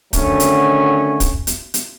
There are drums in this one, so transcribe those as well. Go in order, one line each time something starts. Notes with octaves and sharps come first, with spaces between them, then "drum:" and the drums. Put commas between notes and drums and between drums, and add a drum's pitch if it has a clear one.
D3 D#3 F#3 A3 C#4, drum: kick, hi-hat
drum: hi-hat
drum: kick, hi-hat
drum: hi-hat
drum: hi-hat